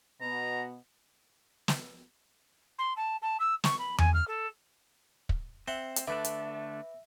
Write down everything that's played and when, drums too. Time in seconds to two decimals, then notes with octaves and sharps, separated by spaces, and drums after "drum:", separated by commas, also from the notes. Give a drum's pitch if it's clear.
0.21 B2 B3 A#5
1.68 drum: snare
2.78 C6
2.96 A5
3.22 A5
3.40 E6
3.64 C#6, drum: snare
3.79 B5
3.98 G#5, drum: tom E2
4.14 F6
4.27 A4
5.29 drum: kick
5.68 C4 E5 F#5 C6
5.96 drum: hi-hat
6.07 D3 A3 D4 B4 D5 E5
6.24 drum: hi-hat